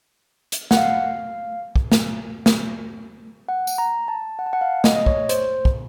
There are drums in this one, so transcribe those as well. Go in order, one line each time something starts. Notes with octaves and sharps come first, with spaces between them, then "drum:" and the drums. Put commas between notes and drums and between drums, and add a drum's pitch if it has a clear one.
drum: hi-hat
F#5, drum: snare
F5
drum: kick
drum: snare
drum: snare
F#5
drum: tambourine
A#5
A5
F#5
A5
F#5
F5
D#5, drum: snare
D#5
C#5, drum: kick
C5, drum: hi-hat
drum: kick